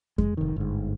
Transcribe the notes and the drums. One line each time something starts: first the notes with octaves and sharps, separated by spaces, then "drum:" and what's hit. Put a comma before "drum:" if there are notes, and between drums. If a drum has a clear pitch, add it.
G#3, drum: kick F2
F1 D#3
G1 G#2